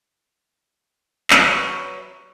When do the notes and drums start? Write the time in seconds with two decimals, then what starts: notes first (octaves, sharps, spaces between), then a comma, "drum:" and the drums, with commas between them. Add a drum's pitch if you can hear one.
1.30 drum: clap
1.40 F#3 B4 E5